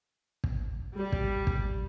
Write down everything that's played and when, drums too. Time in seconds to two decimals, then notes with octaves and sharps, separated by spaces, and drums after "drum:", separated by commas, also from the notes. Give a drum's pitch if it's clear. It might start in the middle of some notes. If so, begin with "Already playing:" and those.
0.44 drum: kick
0.95 G3
1.12 drum: kick
1.47 drum: kick